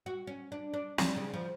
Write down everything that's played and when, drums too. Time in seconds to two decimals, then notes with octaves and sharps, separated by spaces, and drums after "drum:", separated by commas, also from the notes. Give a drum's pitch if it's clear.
0.06 F#4
0.27 C#4
0.52 D4
0.74 D4
0.98 G3, drum: snare
1.16 C#3
1.34 F3